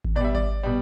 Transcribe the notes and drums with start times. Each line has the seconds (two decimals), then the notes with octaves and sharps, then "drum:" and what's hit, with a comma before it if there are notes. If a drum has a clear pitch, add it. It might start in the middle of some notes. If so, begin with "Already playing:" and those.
0.05 drum: kick G#1
0.15 B2 D5
0.21 G3 E5
0.35 D5, drum: kick G#1
0.63 B2 G3